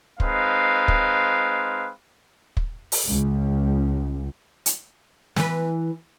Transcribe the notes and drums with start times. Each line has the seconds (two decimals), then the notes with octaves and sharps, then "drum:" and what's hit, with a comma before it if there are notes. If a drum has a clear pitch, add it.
0.20 G#3 C4 D#4 B4 F5, drum: kick
0.88 drum: kick
2.57 drum: kick
2.92 drum: open hi-hat
3.07 C#2
4.66 drum: hi-hat
5.36 E3 B4, drum: snare